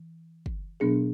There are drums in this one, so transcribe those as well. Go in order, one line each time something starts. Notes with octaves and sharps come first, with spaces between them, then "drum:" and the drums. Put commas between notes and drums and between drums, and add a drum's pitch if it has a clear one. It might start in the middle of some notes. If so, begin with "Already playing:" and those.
Already playing: E3
drum: kick
B2 F#3 B3 D4 G#4